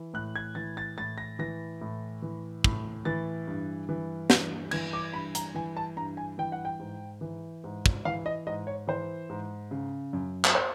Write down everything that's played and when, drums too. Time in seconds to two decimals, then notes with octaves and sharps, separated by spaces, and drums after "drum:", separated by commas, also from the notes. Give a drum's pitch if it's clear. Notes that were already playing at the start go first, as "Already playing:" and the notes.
Already playing: E3
0.14 A2 F#6
0.36 G#6
0.55 E3 A6
0.77 A6
0.97 A2 A6
1.18 A#6
1.39 E3 A#6
1.81 A2
2.22 E3
2.64 A2, drum: kick
3.05 E3 A6
3.48 G2
3.89 E3
4.30 G2, drum: snare
4.71 E3 G#6, drum: cymbal
4.93 D6
5.13 G2 B5
5.35 A#5, drum: hi-hat
5.55 E3 G#5
5.77 A5
5.97 G2 A#5
6.17 G#5
6.38 E3 G5
6.52 F#5
6.65 G5
6.79 G#2
7.21 E3
7.64 G#2
7.86 drum: kick
8.05 E3 F5
8.26 D#5
8.47 G#2 D#5
8.67 C#5
8.87 E3 C5
9.29 G#2
9.71 C#3
10.13 F#2
10.45 drum: clap
10.55 C5